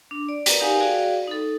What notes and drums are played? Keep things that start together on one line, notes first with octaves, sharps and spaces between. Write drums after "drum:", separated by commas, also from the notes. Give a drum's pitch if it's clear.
D4
D5
A#4 B4 D5 A#5, drum: hi-hat
D#4 G4 A#4 F5 F#5 G#5
F#4 G#4 D5 F5 G5
D#4 A4